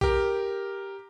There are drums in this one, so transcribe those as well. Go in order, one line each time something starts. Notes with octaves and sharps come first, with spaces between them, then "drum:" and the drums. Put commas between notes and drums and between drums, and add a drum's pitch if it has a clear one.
G4 A#4, drum: kick A#1